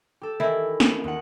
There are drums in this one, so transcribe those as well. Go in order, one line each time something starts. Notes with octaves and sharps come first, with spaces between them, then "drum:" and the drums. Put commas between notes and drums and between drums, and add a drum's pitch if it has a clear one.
G4 A4
D#3 E3 E4
drum: snare
D#2 F#5